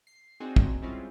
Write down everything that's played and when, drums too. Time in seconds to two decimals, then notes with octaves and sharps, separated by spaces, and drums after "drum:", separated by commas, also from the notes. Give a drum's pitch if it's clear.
0.07 C7
0.40 C4 D4 D#4 F#4 G#4
0.56 drum: kick
0.82 G3 G#3 C4 C#4 E4 F4